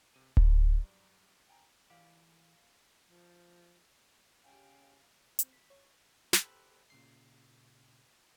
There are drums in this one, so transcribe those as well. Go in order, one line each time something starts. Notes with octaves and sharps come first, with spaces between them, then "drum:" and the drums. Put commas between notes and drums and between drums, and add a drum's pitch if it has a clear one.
C3 D#7
G2 F#3 G4 D5 A#5 A6, drum: kick D1
G5 G#5 A#5
E3 G4 D5 F5
F3
C#3 C#4 G4 F5 G5 G#5
C4, drum: hi-hat
B6
C#5
G4 A4 C5 B5 E6 F#6, drum: snare
A#2 C#3 C7